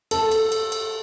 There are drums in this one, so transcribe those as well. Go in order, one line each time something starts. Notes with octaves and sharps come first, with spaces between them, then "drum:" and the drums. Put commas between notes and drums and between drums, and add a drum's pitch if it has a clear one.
A4, drum: cymbal
drum: cymbal
drum: cymbal
drum: cymbal